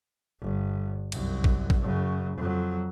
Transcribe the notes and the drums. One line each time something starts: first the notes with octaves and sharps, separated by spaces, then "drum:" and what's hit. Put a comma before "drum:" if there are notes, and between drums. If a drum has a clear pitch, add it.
G1
C2 F#2, drum: cymbal
drum: kick
drum: kick
F#2 C#3
F2 F#3